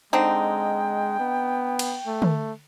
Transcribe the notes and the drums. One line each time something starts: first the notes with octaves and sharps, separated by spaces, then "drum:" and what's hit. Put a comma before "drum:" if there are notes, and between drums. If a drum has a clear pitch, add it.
D3 G#3 C4 D#4 G5
B3
drum: cymbal
A3
drum: tom